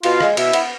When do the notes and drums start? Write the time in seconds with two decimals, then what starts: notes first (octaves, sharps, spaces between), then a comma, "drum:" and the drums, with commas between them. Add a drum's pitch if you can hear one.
0.03 B2 F4 F5, drum: cymbal
0.20 G#3, drum: rim click
0.37 B2 E4 E5, drum: cymbal
0.53 B3, drum: cymbal